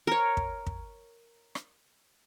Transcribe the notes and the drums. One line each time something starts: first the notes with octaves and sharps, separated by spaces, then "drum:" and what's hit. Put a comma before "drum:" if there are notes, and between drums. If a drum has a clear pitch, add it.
A#4 C#5
drum: kick
drum: kick
drum: rim click